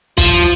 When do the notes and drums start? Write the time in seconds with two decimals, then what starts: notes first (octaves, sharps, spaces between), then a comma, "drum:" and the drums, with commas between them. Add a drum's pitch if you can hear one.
0.18 F3, drum: kick